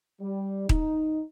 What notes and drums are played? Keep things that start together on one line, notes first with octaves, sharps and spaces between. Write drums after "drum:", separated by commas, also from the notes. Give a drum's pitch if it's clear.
G3
D#4, drum: kick D#1